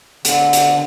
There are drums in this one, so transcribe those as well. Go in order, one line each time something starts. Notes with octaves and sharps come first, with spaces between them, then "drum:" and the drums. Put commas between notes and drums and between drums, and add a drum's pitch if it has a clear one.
D3, drum: hi-hat
drum: hi-hat